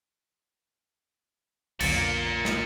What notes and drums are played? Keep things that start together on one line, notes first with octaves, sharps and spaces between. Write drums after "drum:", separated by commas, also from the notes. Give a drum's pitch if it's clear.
B1 F2 A#2 D3 A#3 A6 C#7, drum: cymbal
drum: snare